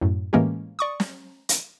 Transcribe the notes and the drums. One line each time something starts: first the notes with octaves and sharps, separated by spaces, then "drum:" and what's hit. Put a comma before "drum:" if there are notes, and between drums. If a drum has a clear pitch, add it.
F#2 A2
A2 E3 G#3 A#3 C#4 G4
D5 C#6 D#6
drum: snare
drum: hi-hat